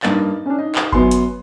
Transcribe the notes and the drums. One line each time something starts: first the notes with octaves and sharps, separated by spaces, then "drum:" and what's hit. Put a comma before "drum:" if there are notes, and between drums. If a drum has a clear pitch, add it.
G2 A#3 D#4 A6, drum: clap
C#4 D4
D#4
drum: clap
F#2 F#3 B3 G#5 C6, drum: kick G1
drum: hi-hat